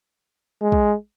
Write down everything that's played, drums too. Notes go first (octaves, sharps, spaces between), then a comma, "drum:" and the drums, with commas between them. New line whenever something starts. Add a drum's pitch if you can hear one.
G#3
drum: kick